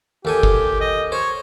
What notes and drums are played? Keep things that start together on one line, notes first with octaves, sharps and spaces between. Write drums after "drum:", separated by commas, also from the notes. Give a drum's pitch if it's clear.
D#2 G4 A4 G#5
drum: kick G1
D#5
C5 C#5